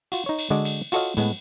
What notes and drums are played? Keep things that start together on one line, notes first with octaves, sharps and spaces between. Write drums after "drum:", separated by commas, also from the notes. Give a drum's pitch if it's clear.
F4 F#4, drum: cymbal
D#4 C#5
drum: cymbal
D3 G#3 F#4 A4 D5 D#5
drum: cymbal
F4 F#4 A4 C#5 D#5 F5, drum: cymbal
A2 G#3 B3, drum: cymbal